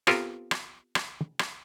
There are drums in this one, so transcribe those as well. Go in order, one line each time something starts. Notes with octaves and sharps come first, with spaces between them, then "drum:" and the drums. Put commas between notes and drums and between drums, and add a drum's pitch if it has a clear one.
B3 C4 F4 G4 A4 A#4, drum: rim click
drum: rim click
drum: rim click
drum: rim click